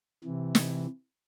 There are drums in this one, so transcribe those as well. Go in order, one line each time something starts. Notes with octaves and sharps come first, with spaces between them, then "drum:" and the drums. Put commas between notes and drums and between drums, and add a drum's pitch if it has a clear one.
C3 E3
drum: snare